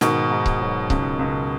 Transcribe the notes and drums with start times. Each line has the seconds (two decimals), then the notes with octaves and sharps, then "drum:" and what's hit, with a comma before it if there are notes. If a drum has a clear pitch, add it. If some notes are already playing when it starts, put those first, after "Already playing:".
0.01 G#2 B2 D#3, drum: snare
0.31 G#2
0.46 drum: kick C#1
0.60 F#3
0.90 C#2, drum: kick C#1
1.19 C#2